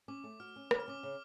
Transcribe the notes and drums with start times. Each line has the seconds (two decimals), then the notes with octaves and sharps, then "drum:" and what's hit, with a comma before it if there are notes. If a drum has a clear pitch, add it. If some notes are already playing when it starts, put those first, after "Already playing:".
0.08 C#4 D6
0.24 A3
0.40 F#4 F6
0.56 C#4
0.71 C#3 D6, drum: rim click
0.80 F6
0.88 C#4 D6
1.03 C#3